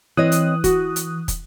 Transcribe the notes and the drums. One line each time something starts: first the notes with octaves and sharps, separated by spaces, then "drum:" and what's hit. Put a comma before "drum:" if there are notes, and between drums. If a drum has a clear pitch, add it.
E3 C4 C#5 D#5 D#6 F#6
drum: hi-hat
F#4, drum: kick, hi-hat
drum: hi-hat
drum: kick, hi-hat